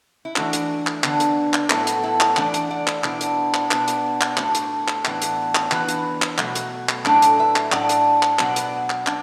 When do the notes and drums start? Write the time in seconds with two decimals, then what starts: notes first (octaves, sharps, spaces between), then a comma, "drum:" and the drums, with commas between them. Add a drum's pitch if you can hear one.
0.25 E4
0.36 E3 A3 D4 F#4, drum: clap
0.53 drum: hi-hat
0.87 drum: clap
1.04 D3 B3 D4, drum: clap
1.20 drum: hi-hat
1.54 drum: clap
1.70 A2 F#3 B3 E4 A4, drum: clap
1.87 drum: hi-hat
2.03 E4 A4
2.20 drum: clap
2.37 E3 A3 D4 D5 F#5, drum: clap
2.54 drum: hi-hat
2.71 D5 F#5
2.87 drum: clap
3.04 B2 B3 D4 E4, drum: clap
3.21 drum: hi-hat
3.54 drum: clap
3.71 B2 B3 D4, drum: clap
3.88 drum: hi-hat
4.21 drum: clap
4.37 A2 A3 D4 F#4, drum: clap
4.55 drum: hi-hat
4.88 drum: clap
5.05 A2 E3 B3 D4, drum: clap
5.22 drum: hi-hat
5.55 drum: clap
5.71 E3 B3 D4 F#4 B4, drum: clap
5.89 drum: hi-hat
6.22 drum: clap
6.38 B2 F#3 A3, drum: clap
6.55 drum: hi-hat
6.89 drum: clap
7.05 A2 F#3 A3 D4 A4 D5, drum: clap
7.22 drum: hi-hat
7.39 B4 E5
7.56 drum: clap
7.72 A2 A3 D4 D5 F#5, drum: clap
7.89 drum: hi-hat
8.23 drum: clap
8.39 B2 F#3 B3 D4 D5 F#5, drum: clap
8.56 drum: hi-hat
8.90 drum: clap
9.07 D4, drum: clap